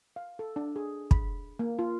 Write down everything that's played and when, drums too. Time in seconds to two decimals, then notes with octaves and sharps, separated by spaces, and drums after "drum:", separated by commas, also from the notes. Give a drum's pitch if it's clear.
0.16 F5
0.39 A4
0.56 D4
0.76 G#4
1.11 B5, drum: kick
1.59 A#3
1.79 F4